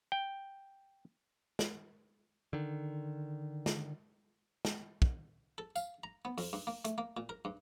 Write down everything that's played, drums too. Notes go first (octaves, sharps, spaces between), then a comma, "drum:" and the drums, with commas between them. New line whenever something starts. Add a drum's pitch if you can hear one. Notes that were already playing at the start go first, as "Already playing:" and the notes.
G5
drum: snare
D3 D#3
drum: snare
drum: snare
drum: kick
A4
F5, drum: tambourine
A#5
B3
F2, drum: open hi-hat
G2
A#3
A3, drum: hi-hat
A#3
A#2
A#4
G2